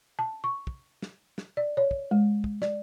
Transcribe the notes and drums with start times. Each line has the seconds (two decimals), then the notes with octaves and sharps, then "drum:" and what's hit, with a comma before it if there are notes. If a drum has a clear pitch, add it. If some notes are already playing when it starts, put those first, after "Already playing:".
0.19 A5
0.44 C#6
0.67 drum: kick
1.02 drum: snare
1.38 drum: snare
1.57 D5
1.77 C#5
1.91 drum: kick
2.11 G#3
2.44 drum: kick
2.62 D5, drum: snare